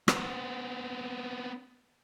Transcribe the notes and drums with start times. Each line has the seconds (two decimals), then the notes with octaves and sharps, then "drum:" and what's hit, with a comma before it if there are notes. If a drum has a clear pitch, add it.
0.08 B3 C4, drum: rim click